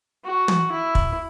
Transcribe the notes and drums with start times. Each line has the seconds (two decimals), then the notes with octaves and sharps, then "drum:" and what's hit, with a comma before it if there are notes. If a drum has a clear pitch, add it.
0.25 F#4
0.48 drum: tom
0.72 E4
0.95 drum: kick